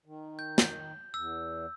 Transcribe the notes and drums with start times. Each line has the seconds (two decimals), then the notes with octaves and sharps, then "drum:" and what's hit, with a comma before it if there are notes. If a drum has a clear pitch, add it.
0.05 D#3
0.39 G6
0.58 drum: snare
1.14 E2 E6